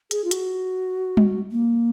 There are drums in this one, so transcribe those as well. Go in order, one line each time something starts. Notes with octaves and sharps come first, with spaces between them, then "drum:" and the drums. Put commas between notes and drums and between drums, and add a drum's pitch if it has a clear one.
G#4, drum: hi-hat
F4
F#4, drum: hi-hat
drum: tom G3
A#3